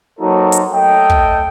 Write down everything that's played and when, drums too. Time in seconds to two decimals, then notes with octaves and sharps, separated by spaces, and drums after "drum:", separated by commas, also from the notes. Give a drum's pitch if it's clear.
0.19 F#3 A#3 D#4 F#4 A4 C5
0.52 drum: hi-hat
0.73 A3 A4 D#5 G5
1.10 drum: kick